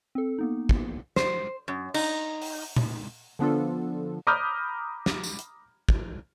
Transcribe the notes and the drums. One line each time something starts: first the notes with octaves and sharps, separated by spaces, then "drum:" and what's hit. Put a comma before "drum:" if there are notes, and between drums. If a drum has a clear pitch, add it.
C4 A4
A#3 B3 D#4
drum: kick
C5, drum: snare
F#2
D#4, drum: cymbal
drum: open hi-hat
drum: tom A#2
D3 F3 B3 D4 F4 A4
A#5 B5 D6 D#6 F6 G6
drum: snare
drum: tambourine
drum: hi-hat
drum: kick